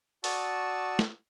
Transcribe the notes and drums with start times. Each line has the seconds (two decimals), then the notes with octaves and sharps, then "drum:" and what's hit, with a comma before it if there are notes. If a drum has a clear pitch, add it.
0.24 F#4 D5 A5 C#6 D#6 E6, drum: open hi-hat
0.99 drum: snare